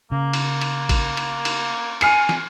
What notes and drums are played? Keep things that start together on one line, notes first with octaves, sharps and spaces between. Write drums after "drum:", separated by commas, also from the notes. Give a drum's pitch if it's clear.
C#3 A#3
drum: cymbal
drum: cymbal
drum: kick A1, cymbal
drum: cymbal
drum: cymbal
G#5 F6 C7 C#7, drum: cymbal
drum: snare